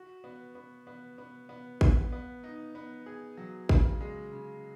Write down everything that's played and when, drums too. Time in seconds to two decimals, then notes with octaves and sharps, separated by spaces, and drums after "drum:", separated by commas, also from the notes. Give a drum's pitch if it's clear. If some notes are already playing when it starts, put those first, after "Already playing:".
Already playing: F#4
0.24 B3
0.55 B3
0.87 B3
1.18 B3
1.49 B3
1.81 B3, drum: kick G#1
2.12 B3
2.44 D#4
2.75 B3
3.06 G#4
3.37 F#3
3.69 C#3, drum: kick G#1
4.01 G#3
4.32 C#3